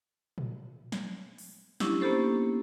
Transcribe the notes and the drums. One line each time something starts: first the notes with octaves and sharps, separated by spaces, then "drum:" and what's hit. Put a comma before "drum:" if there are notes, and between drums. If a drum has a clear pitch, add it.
drum: tom A#2
drum: snare
drum: open hi-hat
C#4 D4 E4 G4, drum: snare
A#3 B3 C#4 G4 A4 C5